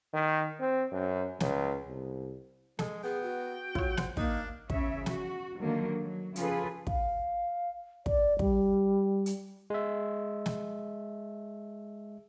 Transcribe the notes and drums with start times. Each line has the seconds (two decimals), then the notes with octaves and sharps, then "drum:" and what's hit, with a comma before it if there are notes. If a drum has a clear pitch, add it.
0.13 D#3
0.60 C4
0.92 F#2
1.40 C#2, drum: snare
1.87 C2
2.79 G#3 A4, drum: snare
3.04 B3 G#4 G5
3.23 F#4
3.75 F#3 F4 C#5, drum: kick
3.97 C5 F#5, drum: snare
4.17 A#3 D4 D#4, drum: kick
4.70 E2 C#3 C#5 E5, drum: kick
5.06 F#4, drum: snare
5.61 D3 D#3 F#3 A#3
6.03 F#3
6.36 C#3 F3 F4 G#4 A4 B4, drum: hi-hat
6.87 F5, drum: kick
8.06 D5, drum: kick
8.39 G3, drum: kick
9.26 drum: hi-hat
9.70 G#3 E5
10.46 drum: snare